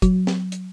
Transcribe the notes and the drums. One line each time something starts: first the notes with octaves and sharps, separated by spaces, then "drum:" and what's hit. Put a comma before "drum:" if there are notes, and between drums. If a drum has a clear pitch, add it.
F#3, drum: kick, hi-hat
drum: snare
drum: hi-hat